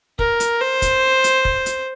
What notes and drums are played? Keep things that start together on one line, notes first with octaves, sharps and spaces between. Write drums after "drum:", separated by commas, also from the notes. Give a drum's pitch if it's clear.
A#4, drum: kick
drum: hi-hat
C5
drum: kick, hi-hat
drum: hi-hat
drum: kick
drum: hi-hat